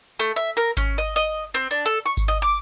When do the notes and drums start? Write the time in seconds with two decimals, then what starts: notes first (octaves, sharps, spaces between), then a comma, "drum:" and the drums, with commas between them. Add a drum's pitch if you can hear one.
0.19 A3
0.36 E5
0.57 A#4
0.77 C#4, drum: kick G#1, tambourine
0.98 D#5
1.16 D#5
1.54 C4
1.71 D4
1.86 A4
2.06 C#6
2.17 drum: kick G#1, tambourine
2.28 D#5
2.42 D6